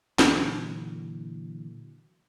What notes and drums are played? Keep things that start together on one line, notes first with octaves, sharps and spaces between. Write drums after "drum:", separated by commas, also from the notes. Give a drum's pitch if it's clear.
A#2 D3 E3 F#3, drum: snare C#4